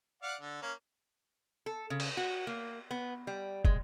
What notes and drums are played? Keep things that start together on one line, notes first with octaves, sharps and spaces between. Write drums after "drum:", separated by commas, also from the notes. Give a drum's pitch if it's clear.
D5 F5 F#5
D3
A#3 C#4
A4
C#3
drum: cymbal
F#4
A#3
B3
G3
G#3, drum: kick